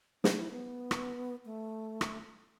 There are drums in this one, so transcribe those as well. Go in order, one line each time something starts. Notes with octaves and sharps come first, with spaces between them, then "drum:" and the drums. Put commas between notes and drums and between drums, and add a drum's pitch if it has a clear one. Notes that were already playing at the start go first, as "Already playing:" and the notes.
C#4, drum: snare
E4
B3
drum: rim click
A3
drum: rim click